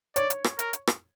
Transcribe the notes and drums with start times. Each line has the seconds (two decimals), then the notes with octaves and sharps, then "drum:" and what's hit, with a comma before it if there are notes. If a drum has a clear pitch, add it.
0.16 C#5 D5, drum: hi-hat
0.30 drum: hi-hat
0.44 drum: rim click
0.59 A#4, drum: hi-hat
0.73 drum: hi-hat
0.87 drum: rim click